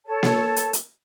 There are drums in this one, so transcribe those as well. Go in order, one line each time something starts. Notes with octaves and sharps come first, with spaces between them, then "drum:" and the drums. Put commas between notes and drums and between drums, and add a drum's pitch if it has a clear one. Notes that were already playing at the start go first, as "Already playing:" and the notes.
A4 C#5 A5
drum: snare A#3
drum: hi-hat
drum: hi-hat